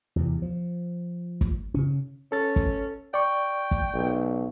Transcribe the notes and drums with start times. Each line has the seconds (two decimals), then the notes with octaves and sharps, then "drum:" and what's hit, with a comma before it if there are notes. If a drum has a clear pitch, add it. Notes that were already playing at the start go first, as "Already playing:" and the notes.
0.16 E2 C3
0.42 F3
1.41 drum: kick
1.74 C#3 C#4
2.32 C#4 A4 A6
2.56 drum: kick
3.14 D5 G5 C#6
3.71 drum: kick
3.94 B1